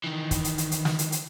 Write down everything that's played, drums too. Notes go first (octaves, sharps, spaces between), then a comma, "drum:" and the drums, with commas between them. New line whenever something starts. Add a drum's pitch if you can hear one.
D#3 E3
drum: kick, hi-hat
drum: hi-hat
drum: hi-hat
drum: hi-hat
drum: snare
drum: hi-hat
drum: hi-hat